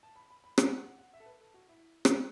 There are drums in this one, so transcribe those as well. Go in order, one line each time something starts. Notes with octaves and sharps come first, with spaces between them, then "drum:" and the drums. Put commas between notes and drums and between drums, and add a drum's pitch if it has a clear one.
A5
B5
B5
B5
A5, drum: rim click
F#5
F#5
F#5
E5
A4
B4
A4
F#4
E4
drum: rim click